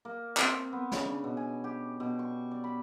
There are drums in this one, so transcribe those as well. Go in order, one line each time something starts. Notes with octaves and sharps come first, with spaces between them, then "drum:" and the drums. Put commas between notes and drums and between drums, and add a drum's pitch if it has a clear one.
A#3
C4, drum: clap
B3
C#3, drum: snare
D4
B2
G#5
G4
B2
C#6
D5
B5